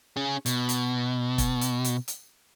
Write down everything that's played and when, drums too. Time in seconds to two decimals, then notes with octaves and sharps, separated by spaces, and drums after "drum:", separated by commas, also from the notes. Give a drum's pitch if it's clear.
0.17 C#4 G#4
0.46 B2, drum: hi-hat
0.69 drum: hi-hat
1.38 drum: kick, hi-hat
1.61 drum: hi-hat
1.85 drum: hi-hat
2.08 drum: hi-hat